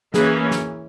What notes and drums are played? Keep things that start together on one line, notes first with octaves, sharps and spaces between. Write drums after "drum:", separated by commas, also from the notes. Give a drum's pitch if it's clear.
E3 A#3 C#4 G#4 B4, drum: snare
drum: snare